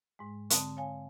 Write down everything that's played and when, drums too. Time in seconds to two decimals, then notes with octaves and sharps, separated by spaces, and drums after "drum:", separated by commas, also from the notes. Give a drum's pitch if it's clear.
0.19 G#2 G#3
0.50 D3 C4 A5 D#6, drum: hi-hat
0.77 C#5 F5 G#5